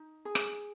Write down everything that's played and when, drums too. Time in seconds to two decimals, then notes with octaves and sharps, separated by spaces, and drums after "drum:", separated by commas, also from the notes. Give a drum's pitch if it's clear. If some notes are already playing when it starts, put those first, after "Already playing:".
Already playing: D#4
0.25 G#4
0.35 drum: rim click